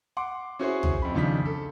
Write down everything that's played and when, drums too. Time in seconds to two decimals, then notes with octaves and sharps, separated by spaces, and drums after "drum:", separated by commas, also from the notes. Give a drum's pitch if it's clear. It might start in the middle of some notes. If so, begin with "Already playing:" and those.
0.17 F#5 C6 D6
0.59 C#4 E4 F#4 G#4 C5 C#5
0.83 drum: tom B1
1.02 F2 B5
1.15 D#2 C#3 F3 D4 D#4 B6
1.45 A4